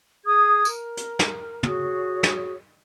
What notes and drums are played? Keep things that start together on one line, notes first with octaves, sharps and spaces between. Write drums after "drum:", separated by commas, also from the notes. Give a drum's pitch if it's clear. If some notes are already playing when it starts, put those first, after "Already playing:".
G#4 D#6 G#6
A#4, drum: tambourine
drum: hi-hat
drum: snare
F#4 G#4 C#5, drum: tom
drum: snare